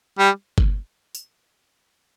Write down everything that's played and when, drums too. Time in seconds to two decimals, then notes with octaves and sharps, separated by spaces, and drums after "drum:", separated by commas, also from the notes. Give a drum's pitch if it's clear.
0.19 G3
0.58 drum: kick G1
1.15 drum: tambourine